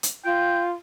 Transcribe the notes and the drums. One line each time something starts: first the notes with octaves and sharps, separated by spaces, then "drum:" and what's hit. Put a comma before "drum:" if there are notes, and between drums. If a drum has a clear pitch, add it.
drum: hi-hat
F4 G5